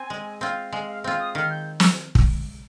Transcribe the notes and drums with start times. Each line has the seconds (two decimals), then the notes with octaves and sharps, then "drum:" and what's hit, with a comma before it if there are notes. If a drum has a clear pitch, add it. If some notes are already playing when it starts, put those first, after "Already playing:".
Already playing: C4 G#5
0.10 G#3
0.41 C4 F4
0.72 G#3 F5
0.88 F5
1.04 C4 F4 F5
1.19 D#6
1.35 D#3 F6
1.50 G6
1.80 drum: snare
2.15 drum: kick